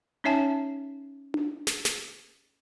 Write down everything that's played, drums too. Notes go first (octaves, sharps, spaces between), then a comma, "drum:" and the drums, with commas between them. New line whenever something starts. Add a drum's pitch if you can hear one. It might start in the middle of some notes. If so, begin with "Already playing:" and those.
C#4 D#4 C#5 E5 G#5 A5
drum: tom D4
drum: snare
drum: snare